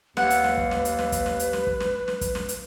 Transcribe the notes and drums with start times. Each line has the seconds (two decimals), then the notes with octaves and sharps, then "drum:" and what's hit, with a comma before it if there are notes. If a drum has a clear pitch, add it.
0.17 D#2 B4 F#5, drum: snare
0.30 drum: hi-hat
0.44 drum: snare
0.58 drum: kick
0.71 drum: snare
0.85 drum: hi-hat
0.99 drum: snare
1.12 drum: kick, hi-hat
1.26 drum: snare
1.39 drum: hi-hat
1.53 drum: snare
1.67 drum: kick
1.80 drum: snare
2.08 drum: snare
2.21 drum: kick, hi-hat
2.35 drum: snare
2.49 drum: hi-hat